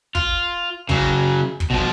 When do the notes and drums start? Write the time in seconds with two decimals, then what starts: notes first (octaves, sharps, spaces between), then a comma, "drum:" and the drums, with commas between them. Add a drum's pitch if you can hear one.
0.15 F4, drum: kick
0.89 C#3 F#3, drum: kick
1.60 drum: kick
1.70 B2 F3